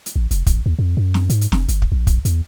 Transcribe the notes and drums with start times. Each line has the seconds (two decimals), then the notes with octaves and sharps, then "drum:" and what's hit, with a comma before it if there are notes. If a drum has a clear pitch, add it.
0.06 drum: hi-hat
0.16 A1
0.31 F1, drum: hi-hat
0.47 A1, drum: kick, hi-hat
0.66 D#2
0.79 F2
0.97 F#2
1.14 drum: snare
1.30 G#2, drum: hi-hat
1.41 drum: hi-hat
1.52 F1, drum: snare
1.68 G1, drum: hi-hat
1.82 drum: kick
1.92 A#1
2.07 A#1, drum: kick, hi-hat
2.25 E2, drum: hi-hat